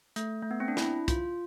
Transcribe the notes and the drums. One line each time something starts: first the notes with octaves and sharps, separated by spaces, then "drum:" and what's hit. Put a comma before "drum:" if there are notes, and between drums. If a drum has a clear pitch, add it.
A3, drum: hi-hat
A3
B3
C4
D4
E4, drum: snare
F4, drum: kick, hi-hat